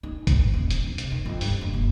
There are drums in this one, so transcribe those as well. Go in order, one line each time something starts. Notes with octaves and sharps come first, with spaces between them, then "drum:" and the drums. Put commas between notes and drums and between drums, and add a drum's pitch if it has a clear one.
D#4
G#2, drum: kick G#1, hi-hat
D#1
D4, drum: hi-hat
F2
C3, drum: hi-hat
D#3
F2
G2, drum: open hi-hat
E1
F#1